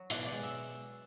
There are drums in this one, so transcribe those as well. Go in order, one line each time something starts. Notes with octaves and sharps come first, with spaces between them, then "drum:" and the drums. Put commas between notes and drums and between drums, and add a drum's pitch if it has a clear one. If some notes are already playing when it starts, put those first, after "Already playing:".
Already playing: F#3
B2 D5 F#5, drum: hi-hat
D5 F#5
G#3
E5